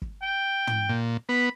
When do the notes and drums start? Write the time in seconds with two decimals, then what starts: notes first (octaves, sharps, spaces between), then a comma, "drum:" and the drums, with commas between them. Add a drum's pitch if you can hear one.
0.02 drum: kick
0.22 G5
0.67 drum: tom
0.89 A#2
1.29 B3 B5